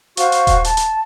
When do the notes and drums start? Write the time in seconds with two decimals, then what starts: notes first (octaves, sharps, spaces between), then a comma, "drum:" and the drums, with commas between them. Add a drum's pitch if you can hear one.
0.17 F#4 C5 F5 C#6, drum: hi-hat
0.32 drum: hi-hat
0.47 drum: kick D#1, hi-hat
0.64 A5, drum: hi-hat
0.77 drum: hi-hat